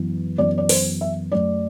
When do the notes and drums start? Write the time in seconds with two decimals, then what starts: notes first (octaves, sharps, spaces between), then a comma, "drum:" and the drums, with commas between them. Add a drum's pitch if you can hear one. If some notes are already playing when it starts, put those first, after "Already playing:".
Already playing: F#2 E3 B3
0.38 F#2 E3 B3 D5
0.58 D5
0.69 C5, drum: open hi-hat
1.01 E5
1.32 F#2 F#3 A3 D5